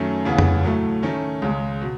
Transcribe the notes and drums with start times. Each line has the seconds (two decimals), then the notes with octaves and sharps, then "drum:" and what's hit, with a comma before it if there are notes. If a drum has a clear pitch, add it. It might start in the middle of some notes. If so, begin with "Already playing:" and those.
Already playing: F#2 D#3 A3 C#4
0.25 D#2 C#3 E3 B3
0.39 drum: tom F2
0.63 A2 F#3 A3
1.02 D#3 A3 C#4
1.42 C#2 C#3 G#3
1.81 B2